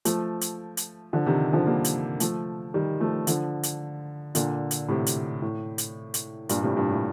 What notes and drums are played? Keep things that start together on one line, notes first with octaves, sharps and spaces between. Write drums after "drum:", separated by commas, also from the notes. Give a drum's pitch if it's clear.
F3 A3, drum: hi-hat
drum: hi-hat
drum: hi-hat
D3 F3
C3 D#3
D3 F3
G3 A#3
drum: hi-hat
F3 A3, drum: hi-hat
D#3 G3
F3 A3
D3 F3, drum: hi-hat
drum: hi-hat
A#2 D3, drum: hi-hat
drum: hi-hat
A2 C3
drum: hi-hat
A2
drum: hi-hat
drum: hi-hat
G2 A#2, drum: hi-hat
A2 C3
G2 A#2
A2